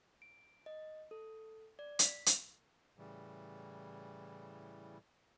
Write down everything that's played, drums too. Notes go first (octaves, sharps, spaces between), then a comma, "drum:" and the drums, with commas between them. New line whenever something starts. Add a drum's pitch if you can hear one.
D7
D#5
A4
D5
B6, drum: hi-hat
drum: hi-hat
A2 C#3 E3 G3